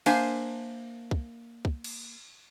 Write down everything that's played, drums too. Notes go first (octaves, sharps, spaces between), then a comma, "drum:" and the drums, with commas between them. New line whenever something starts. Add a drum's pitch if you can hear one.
A#3 D4 C5 E5 G#5, drum: cymbal
drum: kick
drum: kick
drum: cymbal